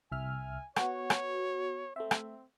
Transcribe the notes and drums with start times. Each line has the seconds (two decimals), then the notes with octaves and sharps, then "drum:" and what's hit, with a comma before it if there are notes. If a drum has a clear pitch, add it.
0.12 C2 E5 G#5 F6
0.76 B3 F#4 C#5, drum: rim click
1.10 drum: rim click
1.96 A3 C4 E5
2.11 drum: rim click